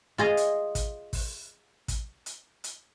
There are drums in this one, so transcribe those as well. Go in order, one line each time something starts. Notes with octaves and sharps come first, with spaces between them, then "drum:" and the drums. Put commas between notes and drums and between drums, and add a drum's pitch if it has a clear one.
F4 G#4 D#5 F5
drum: hi-hat
drum: kick, hi-hat
drum: kick, open hi-hat
drum: kick, hi-hat
drum: hi-hat
drum: hi-hat